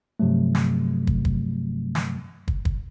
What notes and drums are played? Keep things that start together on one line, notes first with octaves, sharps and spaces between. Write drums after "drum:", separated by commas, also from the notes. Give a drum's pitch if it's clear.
G2 C3 F3 F#3 A3
drum: snare
drum: kick
drum: kick
drum: snare
drum: kick
drum: kick